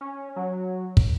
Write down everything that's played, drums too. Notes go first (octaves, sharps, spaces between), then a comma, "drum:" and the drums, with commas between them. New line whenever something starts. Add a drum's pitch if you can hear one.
C#4
F#3
drum: kick